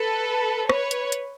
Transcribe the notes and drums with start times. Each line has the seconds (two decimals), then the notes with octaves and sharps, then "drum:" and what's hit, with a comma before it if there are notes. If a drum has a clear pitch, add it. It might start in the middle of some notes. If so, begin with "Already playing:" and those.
Already playing: A4 B4
0.69 B4 C#5, drum: rim click
0.91 drum: hi-hat
1.12 drum: hi-hat